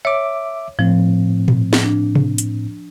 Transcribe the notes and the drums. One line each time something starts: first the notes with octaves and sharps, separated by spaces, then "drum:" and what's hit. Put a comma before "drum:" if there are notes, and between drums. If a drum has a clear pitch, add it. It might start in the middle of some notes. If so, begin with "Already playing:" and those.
C#5 E5 D6
A2 F3 C4
drum: tom A#2
drum: snare
D4
drum: tom C3
drum: hi-hat